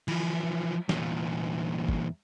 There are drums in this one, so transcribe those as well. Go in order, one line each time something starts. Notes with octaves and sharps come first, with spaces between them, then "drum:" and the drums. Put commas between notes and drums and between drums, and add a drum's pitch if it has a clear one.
E3 F3, drum: cymbal
E2 A#2, drum: snare
drum: kick